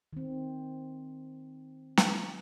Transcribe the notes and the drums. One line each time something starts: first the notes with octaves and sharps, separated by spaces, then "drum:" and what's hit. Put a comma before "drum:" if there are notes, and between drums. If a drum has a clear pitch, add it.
D#3 C4
drum: snare